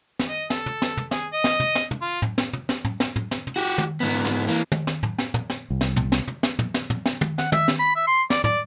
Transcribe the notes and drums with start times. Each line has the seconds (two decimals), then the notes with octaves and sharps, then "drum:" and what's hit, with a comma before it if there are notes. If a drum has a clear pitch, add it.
0.19 drum: snare
0.29 D#5
0.50 A4, drum: snare
0.66 drum: tom
0.82 drum: snare
0.97 drum: tom
1.11 G#4, drum: snare
1.33 D#5
1.44 drum: snare
1.60 drum: tom
1.75 drum: snare
1.91 drum: tom
2.01 F4
2.22 drum: tom
2.38 drum: snare
2.53 drum: tom
2.69 drum: snare
2.85 drum: tom
3.00 drum: snare
3.16 drum: tom
3.31 drum: snare
3.47 drum: tom
3.56 F#4 G4
3.78 drum: tom
4.00 G#2 B3
4.25 drum: snare
4.47 E3 A#3
4.72 drum: tom
4.87 drum: snare
5.03 drum: tom
5.18 drum: snare
5.34 drum: tom
5.50 drum: snare
5.70 C2
5.81 drum: snare
5.96 drum: tom
6.12 drum: snare
6.28 drum: tom
6.43 drum: snare
6.59 drum: tom
6.74 drum: snare
6.90 drum: tom
7.06 drum: snare
7.21 drum: tom
7.38 F#5, drum: snare
7.52 E5, drum: tom
7.68 drum: snare
7.79 B5
7.95 E5
8.07 C6
8.30 D5, drum: snare
8.44 D5, drum: tom